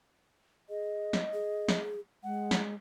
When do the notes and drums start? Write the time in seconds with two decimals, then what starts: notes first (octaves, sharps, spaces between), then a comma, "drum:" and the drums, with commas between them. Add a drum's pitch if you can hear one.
0.69 G#4 D#5
1.13 drum: snare
1.33 G#4
1.68 drum: snare
2.24 G#3 F#5
2.51 drum: snare